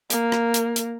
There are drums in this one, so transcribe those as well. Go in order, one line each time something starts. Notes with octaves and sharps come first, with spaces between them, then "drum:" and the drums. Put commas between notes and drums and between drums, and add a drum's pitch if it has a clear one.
A#3, drum: hi-hat
drum: rim click
drum: hi-hat
drum: hi-hat